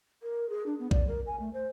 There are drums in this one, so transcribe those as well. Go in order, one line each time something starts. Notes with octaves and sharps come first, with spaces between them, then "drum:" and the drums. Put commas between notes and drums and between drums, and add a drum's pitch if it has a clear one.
A#4
G#4
D4
B3
D5, drum: kick A#1
A#4
G#5
A3
C5